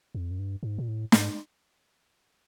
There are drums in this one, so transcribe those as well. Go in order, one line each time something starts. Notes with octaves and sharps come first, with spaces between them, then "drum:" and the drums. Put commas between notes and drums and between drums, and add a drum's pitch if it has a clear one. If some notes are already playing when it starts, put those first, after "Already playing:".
F2
F#2
G2
G#2
A#2
A2
G#2, drum: snare